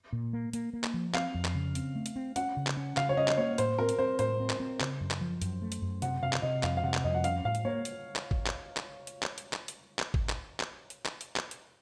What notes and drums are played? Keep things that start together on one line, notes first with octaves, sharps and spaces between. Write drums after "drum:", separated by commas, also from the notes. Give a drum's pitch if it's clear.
A#2
A#3
A#3, drum: hi-hat
A#3
drum: clap
F3
C4 F5, drum: clap
F2
drum: clap
C#3
C4, drum: hi-hat
A3
drum: hi-hat
C4
C#4 F#5, drum: hi-hat
C#3
drum: clap
C#4
C#3 F5, drum: clap
C#5
C#4 D#5
D#5, drum: clap
A#3 C#5
A2 C5, drum: hi-hat
C4 A#4
drum: hi-hat
C4 C5
A2 C5, drum: hi-hat
C4
drum: clap
C4
C#3, drum: clap
F#2
drum: clap
F3
F#2, drum: hi-hat
A3
drum: hi-hat
F#2
C3 F#5, drum: hi-hat
C3 F5
drum: clap
C3 D#5
F2 F5, drum: clap
F5
C3 F#5
drum: clap
F2 D#5
F#5
C#4 F5, drum: hi-hat
A2 F5
drum: hi-hat
A#3 C#5
drum: hi-hat
drum: clap
drum: kick
drum: clap
drum: clap
drum: hi-hat
drum: clap
drum: hi-hat
drum: clap
drum: hi-hat
drum: clap
drum: kick
drum: clap
drum: clap
drum: hi-hat
drum: clap
drum: hi-hat
drum: clap
drum: hi-hat